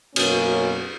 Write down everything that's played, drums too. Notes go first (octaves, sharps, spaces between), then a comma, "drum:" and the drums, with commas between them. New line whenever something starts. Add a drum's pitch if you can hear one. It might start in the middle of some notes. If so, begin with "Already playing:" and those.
F#2 B2 A#3 C#4, drum: cymbal